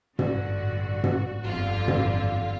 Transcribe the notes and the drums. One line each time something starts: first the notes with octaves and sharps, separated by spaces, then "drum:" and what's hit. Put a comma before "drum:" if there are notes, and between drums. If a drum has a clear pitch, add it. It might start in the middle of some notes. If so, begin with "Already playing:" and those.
A1 G2 D3 F#4, drum: tom
drum: tom
G1 F2 D3 F4
drum: tom
F4